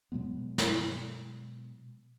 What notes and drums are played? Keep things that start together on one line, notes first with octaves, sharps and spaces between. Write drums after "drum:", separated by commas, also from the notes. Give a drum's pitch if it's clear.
B2 F#3 G#3 B3
drum: snare